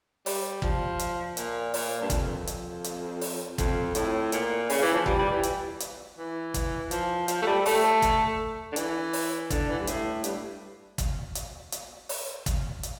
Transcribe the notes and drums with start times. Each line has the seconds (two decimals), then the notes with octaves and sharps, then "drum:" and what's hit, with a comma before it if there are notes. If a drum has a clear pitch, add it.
0.26 G3, drum: open hi-hat
0.62 F3, drum: kick
0.99 drum: hi-hat
1.37 A#2, drum: hi-hat
1.74 A#2, drum: open hi-hat
2.01 G2
2.10 F2, drum: kick, hi-hat
2.47 drum: hi-hat
2.84 drum: hi-hat
3.21 drum: open hi-hat
3.58 F2, drum: kick, hi-hat
3.95 A2, drum: hi-hat
4.32 A#2, drum: hi-hat
4.70 C#3, drum: open hi-hat
4.82 E3
4.94 F3
5.06 G3, drum: kick
5.19 G3
5.31 E3
5.43 drum: hi-hat
5.80 drum: hi-hat
6.18 E3
6.54 drum: kick, hi-hat
6.91 F3, drum: hi-hat
7.28 F3, drum: hi-hat
7.42 A3
7.47 G3
7.66 A3, drum: open hi-hat
8.02 drum: kick, hi-hat
8.72 D3
8.76 E3, drum: hi-hat
9.13 drum: open hi-hat
9.51 D3, drum: kick, hi-hat
9.69 E3
9.79 G2
9.87 A2, drum: hi-hat
10.24 G2, drum: hi-hat
10.98 drum: kick, hi-hat
11.35 drum: hi-hat
11.72 drum: hi-hat
12.09 drum: open hi-hat
12.46 drum: kick, hi-hat
12.83 drum: hi-hat